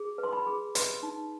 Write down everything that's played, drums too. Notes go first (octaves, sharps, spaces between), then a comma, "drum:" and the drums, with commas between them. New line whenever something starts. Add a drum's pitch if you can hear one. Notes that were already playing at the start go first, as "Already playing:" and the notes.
Already playing: G#4
B4
C6
B5
G#4
B4 C6, drum: hi-hat
D#4